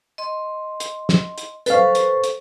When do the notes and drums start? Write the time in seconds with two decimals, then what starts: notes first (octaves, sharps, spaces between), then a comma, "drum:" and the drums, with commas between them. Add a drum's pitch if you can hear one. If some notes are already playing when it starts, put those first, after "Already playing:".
0.18 D#5 C6
0.80 drum: hi-hat
1.09 drum: snare
1.38 drum: hi-hat
1.66 A4 B4 C5 F5 C#6, drum: hi-hat
1.95 drum: hi-hat
2.24 drum: hi-hat